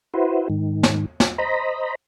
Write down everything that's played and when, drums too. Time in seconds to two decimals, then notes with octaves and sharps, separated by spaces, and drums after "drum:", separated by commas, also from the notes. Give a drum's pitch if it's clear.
0.14 E4 F#4 B4 C5
0.50 G#2 D#3
0.83 drum: snare
1.20 drum: snare
1.38 C5 D#5 A#5 B5